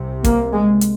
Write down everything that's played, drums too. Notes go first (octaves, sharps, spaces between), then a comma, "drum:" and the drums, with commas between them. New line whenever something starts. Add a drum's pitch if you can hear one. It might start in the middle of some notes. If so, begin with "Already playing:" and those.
Already playing: C2 C3
A#3, drum: kick, hi-hat
G#3
drum: hi-hat